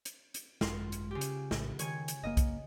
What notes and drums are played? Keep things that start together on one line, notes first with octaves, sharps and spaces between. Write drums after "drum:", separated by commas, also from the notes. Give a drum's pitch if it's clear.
drum: hi-hat
drum: hi-hat
G#1 F#2 G#3 F4, drum: snare
drum: hi-hat
C#3 G4
drum: hi-hat
A#1 A2, drum: snare
D#3 C#5 G#5, drum: hi-hat
drum: hi-hat
F#1 A#2 A#3 D#5
drum: kick B1, hi-hat